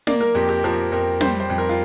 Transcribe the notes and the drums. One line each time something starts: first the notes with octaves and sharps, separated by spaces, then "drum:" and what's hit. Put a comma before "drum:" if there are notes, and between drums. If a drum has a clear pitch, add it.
A#3 D5, drum: snare
A#4
F2 G4
G4
F3 A#4
F2 A#4
G3 C5, drum: snare
C5
F2
A#4
F4